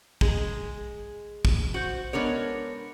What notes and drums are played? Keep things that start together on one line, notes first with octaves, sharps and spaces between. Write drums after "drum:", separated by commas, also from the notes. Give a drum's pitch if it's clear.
G#3 G#4, drum: kick
drum: kick
F#4 C5
G#3 B3 D4 A#4 C#5